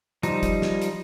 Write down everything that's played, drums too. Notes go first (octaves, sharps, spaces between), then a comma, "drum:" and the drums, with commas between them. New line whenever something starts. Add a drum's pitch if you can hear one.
F3 G3 D#4, drum: hi-hat
drum: kick, hi-hat
drum: snare
drum: hi-hat